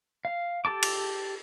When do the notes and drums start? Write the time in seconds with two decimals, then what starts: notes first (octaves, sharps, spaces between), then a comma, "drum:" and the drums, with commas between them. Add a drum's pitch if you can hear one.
0.25 F5
0.65 G4 A4 A5 D6
0.83 drum: cymbal